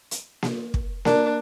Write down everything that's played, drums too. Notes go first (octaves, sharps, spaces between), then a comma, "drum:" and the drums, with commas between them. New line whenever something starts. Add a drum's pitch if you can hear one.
drum: hi-hat
drum: snare A#3
drum: kick
A#3 D4, drum: snare A#3